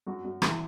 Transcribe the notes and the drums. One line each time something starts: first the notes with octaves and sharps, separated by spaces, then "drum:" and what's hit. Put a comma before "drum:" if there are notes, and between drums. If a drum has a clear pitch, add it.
F#2 F#4
F#2
E3, drum: rim click